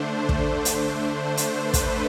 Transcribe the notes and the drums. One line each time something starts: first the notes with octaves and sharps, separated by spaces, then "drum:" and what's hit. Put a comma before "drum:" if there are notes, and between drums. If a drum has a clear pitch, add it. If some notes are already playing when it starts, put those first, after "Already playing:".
Already playing: D3 A3 D4 C5
drum: kick
drum: hi-hat
C5
drum: hi-hat
B4
drum: kick, hi-hat